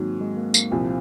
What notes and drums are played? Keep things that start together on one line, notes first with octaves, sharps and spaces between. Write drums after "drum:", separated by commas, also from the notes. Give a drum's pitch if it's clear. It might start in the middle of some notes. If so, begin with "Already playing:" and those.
Already playing: G#2 D#3 F#3 A#3 C4
G#3
A#3
A#3, drum: tambourine
C2 A#2 F3 C4